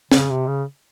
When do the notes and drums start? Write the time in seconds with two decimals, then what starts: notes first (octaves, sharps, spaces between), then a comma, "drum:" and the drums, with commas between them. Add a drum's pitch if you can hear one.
0.12 C#3, drum: snare
0.30 C3
0.47 C#3